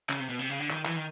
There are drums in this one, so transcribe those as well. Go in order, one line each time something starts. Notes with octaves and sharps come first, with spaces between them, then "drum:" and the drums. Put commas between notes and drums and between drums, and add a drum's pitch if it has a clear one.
C#3, drum: clap
C3
B2
C3
C#3
D3
D#3, drum: clap
E3, drum: clap
D#3